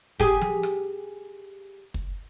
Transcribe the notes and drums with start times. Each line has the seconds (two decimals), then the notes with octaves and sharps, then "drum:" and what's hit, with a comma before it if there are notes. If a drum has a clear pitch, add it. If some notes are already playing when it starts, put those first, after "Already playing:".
0.20 G4 G#4, drum: kick
0.41 drum: tom F3
0.63 drum: rim click
1.94 drum: kick